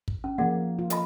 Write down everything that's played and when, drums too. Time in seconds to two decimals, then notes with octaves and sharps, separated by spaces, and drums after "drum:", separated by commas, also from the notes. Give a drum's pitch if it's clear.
0.08 drum: kick
0.24 C#4
0.38 F3 A#3 G#4 D5 F#5
0.79 F4
0.90 A4 D#5 B5, drum: hi-hat